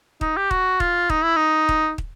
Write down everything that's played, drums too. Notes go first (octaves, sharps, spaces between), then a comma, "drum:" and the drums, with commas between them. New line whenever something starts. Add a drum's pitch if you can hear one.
D#4, drum: kick
G4
F#4, drum: kick
F4, drum: kick
D#4, drum: kick
E4
D#4
drum: kick
drum: kick